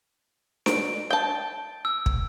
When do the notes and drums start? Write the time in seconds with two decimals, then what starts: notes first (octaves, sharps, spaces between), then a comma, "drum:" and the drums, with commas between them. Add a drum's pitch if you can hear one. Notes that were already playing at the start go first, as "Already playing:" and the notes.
0.66 D7, drum: snare D4
1.10 G5 A5
1.85 E6
2.06 drum: kick